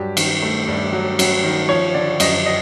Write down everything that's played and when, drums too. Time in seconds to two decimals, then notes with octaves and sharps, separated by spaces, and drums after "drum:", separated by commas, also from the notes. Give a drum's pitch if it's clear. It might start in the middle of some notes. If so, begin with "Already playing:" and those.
Already playing: G2 F#3 G4
0.17 D#3, drum: cymbal
0.42 A3
0.68 G2
0.93 F#3
1.19 F#3, drum: cymbal
1.44 D#3
1.69 F3 C#5
1.94 D3 D5
2.20 F#2 D#5, drum: cymbal
2.46 D#5